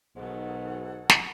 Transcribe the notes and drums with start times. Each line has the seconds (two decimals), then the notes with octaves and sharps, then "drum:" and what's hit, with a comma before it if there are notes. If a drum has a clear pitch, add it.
0.16 B1 G#2 B2 D#3 F#3 G#4 A4 F#5
1.10 drum: snare